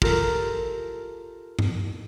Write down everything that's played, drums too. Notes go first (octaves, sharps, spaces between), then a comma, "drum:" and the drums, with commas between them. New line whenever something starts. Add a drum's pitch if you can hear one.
F4 G4 A4 A#4, drum: kick
drum: tom G2